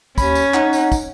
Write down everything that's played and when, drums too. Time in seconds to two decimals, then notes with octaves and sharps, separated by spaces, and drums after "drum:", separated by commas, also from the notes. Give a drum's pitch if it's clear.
0.18 D#2 C#4 B5, drum: kick, tambourine
0.35 drum: tambourine
0.54 D#4 F#5, drum: clap
0.73 drum: tambourine
0.92 drum: kick, tambourine